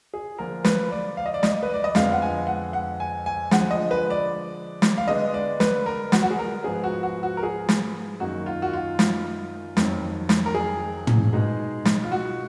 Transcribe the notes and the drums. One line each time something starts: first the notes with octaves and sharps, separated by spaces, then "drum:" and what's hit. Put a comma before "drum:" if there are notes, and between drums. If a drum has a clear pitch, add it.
G#4
D3 F3 A#3 D4 F4 A#4
B4, drum: snare
D5
F5
D#5
D5
D#5, drum: snare
B4
D5
D#5
F2 D3 G#3 B3 F4 F5, drum: snare
F#5
G#5
F#5
F#5
G#5
G#5
D3 F3 G#3 F#5, drum: snare
D#5
B4
D5
drum: snare
F5
D3 G#3 B3 D4 D#5
D5
B4, drum: snare
A#4
F#4, drum: snare
F#4
G#4
A#4
G#2 F3 B3 G#4
F#4
F#4
F#4
A#4
G#4
drum: snare
F#2 D#3 A#3 D#4 F#4
F4
F#4
F4
drum: snare
F2 D#3 F#3, drum: snare
drum: snare
A#4
G#4
drum: tom
B2 G#3 D#4
drum: snare
F4
F#4